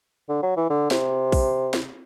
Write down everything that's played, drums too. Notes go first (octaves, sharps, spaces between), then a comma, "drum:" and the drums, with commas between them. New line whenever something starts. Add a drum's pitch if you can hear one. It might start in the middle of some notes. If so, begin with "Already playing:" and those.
D3
F#3
E3
D3
C3, drum: snare
drum: kick A#1, open hi-hat
drum: snare